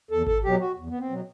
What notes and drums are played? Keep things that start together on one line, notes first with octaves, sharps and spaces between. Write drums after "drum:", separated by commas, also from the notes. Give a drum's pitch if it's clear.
E2 A4
A4, drum: kick G#1
B2 F#3 G4
F#4
E2
B3
C4
B2 F#3